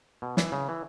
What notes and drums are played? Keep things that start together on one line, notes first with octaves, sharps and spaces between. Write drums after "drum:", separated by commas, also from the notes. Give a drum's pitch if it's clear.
B2
E3, drum: snare
C#3
E3